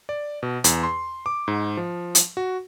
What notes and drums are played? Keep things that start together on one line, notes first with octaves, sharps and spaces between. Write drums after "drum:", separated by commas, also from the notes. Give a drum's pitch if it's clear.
D5
B2
E2, drum: hi-hat
C6
D6
G#2
F3
drum: hi-hat
F#4